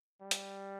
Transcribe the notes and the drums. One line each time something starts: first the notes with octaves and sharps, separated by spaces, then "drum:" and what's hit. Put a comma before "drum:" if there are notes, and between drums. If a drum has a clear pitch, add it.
G3
drum: hi-hat